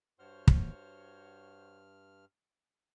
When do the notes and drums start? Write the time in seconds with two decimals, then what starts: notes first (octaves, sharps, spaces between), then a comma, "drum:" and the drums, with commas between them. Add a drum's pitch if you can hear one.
0.19 G2 F#4 C5 C#5 F6
0.48 drum: kick